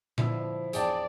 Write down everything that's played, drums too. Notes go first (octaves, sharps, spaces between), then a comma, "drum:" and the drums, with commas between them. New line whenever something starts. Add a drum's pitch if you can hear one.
D3 F3 B3 E4 E6, drum: tom A#2
E2 D4 G#4 D5 G5 A5, drum: hi-hat